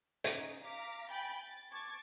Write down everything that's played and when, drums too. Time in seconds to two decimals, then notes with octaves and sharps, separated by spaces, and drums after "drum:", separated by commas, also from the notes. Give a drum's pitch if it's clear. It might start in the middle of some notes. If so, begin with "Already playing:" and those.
0.24 C#4 D#4, drum: hi-hat
0.63 F5 A#5 D6 B6
1.10 G5 G#5 B5 G6 A6
1.41 A6
1.71 A5 C#6 D6 G#6 A6